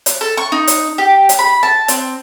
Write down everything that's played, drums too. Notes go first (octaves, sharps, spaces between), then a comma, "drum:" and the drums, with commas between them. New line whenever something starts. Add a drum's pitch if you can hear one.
drum: hi-hat
A4
C#6
D#4
drum: hi-hat
G4
drum: hi-hat
B5
A5
C4, drum: hi-hat